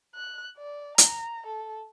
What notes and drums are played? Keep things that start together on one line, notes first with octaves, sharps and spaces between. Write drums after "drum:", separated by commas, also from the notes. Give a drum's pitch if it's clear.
F#6
D5
A#5, drum: hi-hat
A4